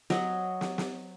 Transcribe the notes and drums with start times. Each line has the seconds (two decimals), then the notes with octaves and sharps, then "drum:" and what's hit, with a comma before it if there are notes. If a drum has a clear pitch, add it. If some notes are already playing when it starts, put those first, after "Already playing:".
0.10 F#3 D#5, drum: snare
0.61 drum: snare
0.78 drum: snare